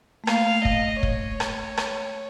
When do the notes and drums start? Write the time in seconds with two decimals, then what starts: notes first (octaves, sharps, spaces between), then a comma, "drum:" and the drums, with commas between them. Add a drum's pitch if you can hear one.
0.24 A3
0.27 A#3 F5, drum: rim click
0.65 D#5, drum: kick
1.03 C#5, drum: kick
1.40 drum: rim click
1.77 drum: rim click